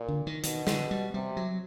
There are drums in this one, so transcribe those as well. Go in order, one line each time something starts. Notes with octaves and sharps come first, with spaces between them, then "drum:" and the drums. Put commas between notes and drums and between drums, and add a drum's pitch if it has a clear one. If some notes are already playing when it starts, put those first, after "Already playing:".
Already playing: A#2
D3
D#3
B2 D#3, drum: hi-hat
D3, drum: snare
G3
C3 G3
F#3